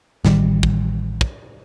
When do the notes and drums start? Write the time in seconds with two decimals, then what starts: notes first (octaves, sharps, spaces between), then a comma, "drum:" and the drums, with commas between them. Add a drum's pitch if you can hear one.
0.25 A1 D#3 G3, drum: snare
0.63 drum: kick
1.21 drum: kick